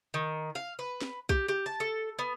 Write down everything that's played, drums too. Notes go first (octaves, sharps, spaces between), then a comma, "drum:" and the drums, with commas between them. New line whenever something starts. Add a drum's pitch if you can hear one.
D#3
F5
B4
drum: snare
G4, drum: kick B1
G4
A5
A4
B3